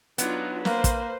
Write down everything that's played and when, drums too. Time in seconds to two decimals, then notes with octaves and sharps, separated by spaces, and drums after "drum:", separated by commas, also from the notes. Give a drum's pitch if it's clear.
0.18 F#3 B3 D4 D#4 F4, drum: hi-hat
0.65 A#3 B4 C5, drum: snare
0.84 drum: kick, hi-hat